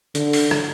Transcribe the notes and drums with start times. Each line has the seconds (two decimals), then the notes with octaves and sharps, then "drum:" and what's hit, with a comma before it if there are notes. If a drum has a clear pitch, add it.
0.15 D3, drum: hi-hat
0.33 drum: open hi-hat
0.51 drum: rim click